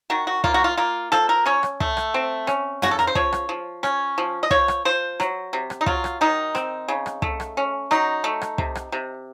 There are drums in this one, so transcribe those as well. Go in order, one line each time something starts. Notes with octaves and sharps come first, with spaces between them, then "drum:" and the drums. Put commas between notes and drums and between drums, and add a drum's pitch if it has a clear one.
D#3 F#4
F#4
A#3 F4, drum: kick
F#4
F4
A#3 F4
F3 A4, drum: rim click
A#4
C#4 C#5
drum: rim click
A3, drum: kick
drum: rim click
C4
C#4, drum: rim click
C#3 F#4, drum: tom
A4
A#4, drum: rim click
C5
F3 C#5, drum: kick
drum: rim click
F3
C#4, drum: rim click
F3
D#5
F3 C#5, drum: kick
drum: rim click
F3 C5
F#3, drum: rim click
C3
drum: rim click
D#4
F#3 F4, drum: kick
drum: rim click
D#3 D#4
C4, drum: rim click
C#3
drum: rim click
A3, drum: kick
drum: rim click
C#4
F#3 D#4, drum: rim click
A3
drum: rim click
C3, drum: kick
drum: rim click
C3